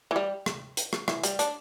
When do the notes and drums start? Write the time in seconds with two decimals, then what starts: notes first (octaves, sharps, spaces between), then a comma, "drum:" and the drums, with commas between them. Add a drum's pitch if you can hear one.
0.11 E3
0.16 G3
0.46 drum: rim click
0.77 drum: hi-hat
0.93 drum: rim click
1.08 E3, drum: rim click
1.24 G3, drum: hi-hat
1.39 D4, drum: hi-hat